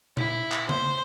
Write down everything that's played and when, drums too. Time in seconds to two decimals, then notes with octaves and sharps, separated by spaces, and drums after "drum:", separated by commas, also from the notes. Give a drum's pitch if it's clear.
0.17 E4, drum: tom A#2
0.52 drum: clap
0.69 C5, drum: tom C#3